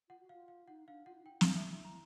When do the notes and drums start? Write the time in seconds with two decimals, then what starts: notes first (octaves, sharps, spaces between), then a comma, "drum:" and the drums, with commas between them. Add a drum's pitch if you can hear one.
0.09 F4 F#5
0.20 F#4
0.29 F4 F5
0.48 F5
0.68 D#4 F#5
0.88 D4 F5
1.06 F4 F#5
1.15 E4
1.23 D#4 G5
1.32 E4
1.41 F5, drum: snare
1.55 E5
1.85 A#5